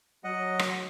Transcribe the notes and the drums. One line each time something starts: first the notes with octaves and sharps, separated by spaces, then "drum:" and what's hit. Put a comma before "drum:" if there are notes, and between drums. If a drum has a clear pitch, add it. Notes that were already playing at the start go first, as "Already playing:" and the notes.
F#3 D#5 F#5
drum: rim click